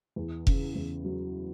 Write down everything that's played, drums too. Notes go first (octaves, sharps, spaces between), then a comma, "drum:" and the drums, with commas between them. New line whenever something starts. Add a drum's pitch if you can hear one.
E2
C#3, drum: kick F1
E2
F#3